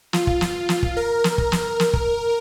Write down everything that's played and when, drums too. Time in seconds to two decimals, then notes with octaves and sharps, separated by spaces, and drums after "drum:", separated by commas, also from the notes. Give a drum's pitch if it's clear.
0.13 F4, drum: snare
0.27 drum: kick
0.41 drum: snare
0.69 drum: snare
0.83 drum: kick
0.97 A#4
1.24 drum: snare
1.38 drum: kick
1.52 drum: snare
1.80 drum: snare
1.93 drum: kick